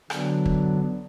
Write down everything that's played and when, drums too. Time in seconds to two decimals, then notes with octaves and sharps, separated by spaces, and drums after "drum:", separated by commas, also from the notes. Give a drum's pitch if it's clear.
0.10 D3 F#3 B3 D4, drum: rim click
0.45 drum: kick